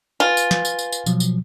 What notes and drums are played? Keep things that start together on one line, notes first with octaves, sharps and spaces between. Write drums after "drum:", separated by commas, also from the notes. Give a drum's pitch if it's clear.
F4 B4 G#5
drum: tambourine
drum: snare
drum: tambourine
drum: tambourine
drum: tambourine
B2 F3 F#3, drum: tambourine
drum: tambourine